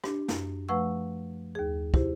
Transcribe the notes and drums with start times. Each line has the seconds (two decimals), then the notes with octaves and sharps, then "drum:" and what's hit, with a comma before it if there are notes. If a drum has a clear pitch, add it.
0.04 D4 G4, drum: rim click
0.28 F#2, drum: snare
0.68 F3 A3 B4 F#5 C#6 E6
1.55 D#2 G#4
1.94 E4 G4 C5, drum: kick